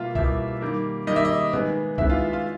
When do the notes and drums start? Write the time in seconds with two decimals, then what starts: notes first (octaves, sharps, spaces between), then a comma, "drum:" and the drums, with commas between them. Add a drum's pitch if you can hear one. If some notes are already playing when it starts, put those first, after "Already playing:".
Already playing: B2 G3 A#3 F4 E5 F5
0.15 B2 G3 A#3 E4 E5, drum: kick
0.61 D#3 G3 A#3
1.07 D#3 G3 A#3 D#5
1.16 E5
1.25 D#5
1.53 D#3 G#3 B3, drum: tom A2
1.98 D#3 G#3 B3 E4 E5, drum: kick
2.10 F4 F5
2.33 F4 F5